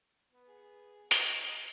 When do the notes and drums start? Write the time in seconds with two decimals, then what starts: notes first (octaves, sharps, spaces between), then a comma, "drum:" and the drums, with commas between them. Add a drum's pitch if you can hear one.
0.32 B3
0.48 G#4
1.11 G#4 C#5 D#5 C#6, drum: hi-hat